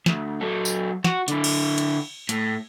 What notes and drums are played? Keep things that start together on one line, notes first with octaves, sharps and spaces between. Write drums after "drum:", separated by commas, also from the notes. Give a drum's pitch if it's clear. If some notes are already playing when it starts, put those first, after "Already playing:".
D2, drum: snare
F#3 A4
drum: tambourine
F#4, drum: snare
D3 E4, drum: hi-hat
drum: cymbal
drum: hi-hat
A2, drum: hi-hat